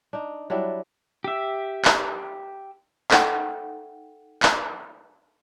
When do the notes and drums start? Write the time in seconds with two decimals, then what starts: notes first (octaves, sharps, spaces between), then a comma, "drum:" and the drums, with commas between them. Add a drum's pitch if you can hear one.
0.13 D4 D#4
0.50 F#3 G3 D4 E4
1.24 G4 E5
1.85 drum: clap
3.11 D#4 A4 E5 F#5 G5, drum: clap
4.43 drum: clap